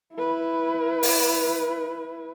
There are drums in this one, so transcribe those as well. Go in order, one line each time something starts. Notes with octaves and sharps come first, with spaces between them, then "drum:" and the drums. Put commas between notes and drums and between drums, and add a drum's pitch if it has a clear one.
E4 B4
drum: open hi-hat